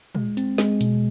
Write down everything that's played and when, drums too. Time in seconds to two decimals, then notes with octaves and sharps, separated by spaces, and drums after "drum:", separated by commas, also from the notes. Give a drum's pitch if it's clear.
0.15 G#3, drum: tom A#2
0.37 C4, drum: hi-hat
0.58 G#3, drum: snare
0.81 B2, drum: hi-hat